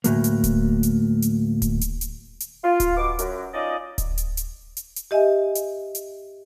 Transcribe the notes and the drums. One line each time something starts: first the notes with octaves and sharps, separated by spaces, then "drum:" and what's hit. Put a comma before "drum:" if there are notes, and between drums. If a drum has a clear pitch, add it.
D2 A2 F#3 A#3, drum: hi-hat
drum: hi-hat
drum: kick D1, hi-hat
drum: hi-hat
drum: hi-hat
drum: kick D1, hi-hat
drum: hi-hat
drum: hi-hat
drum: hi-hat
F4
drum: kick D1, hi-hat
B2 D6
F#2, drum: hi-hat
C#4 D#4 F4 D5 D#5
drum: kick D1, hi-hat
drum: hi-hat
drum: hi-hat
drum: hi-hat
drum: hi-hat
G4 D#5 E5 G#5
drum: hi-hat
drum: hi-hat